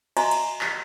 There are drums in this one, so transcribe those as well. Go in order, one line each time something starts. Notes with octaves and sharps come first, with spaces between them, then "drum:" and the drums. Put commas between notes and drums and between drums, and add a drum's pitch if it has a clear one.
F#4 D#5 E5 G#5 A#5 C6, drum: cymbal
drum: cymbal
drum: clap